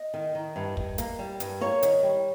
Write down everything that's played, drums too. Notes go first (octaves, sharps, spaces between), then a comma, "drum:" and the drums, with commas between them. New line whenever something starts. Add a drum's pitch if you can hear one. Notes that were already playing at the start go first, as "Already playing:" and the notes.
Already playing: D#5
D#3
D#3
G2
G2, drum: kick
A#3, drum: hi-hat
G3
G2, drum: hi-hat
A#3 C#5
D#3, drum: hi-hat
G3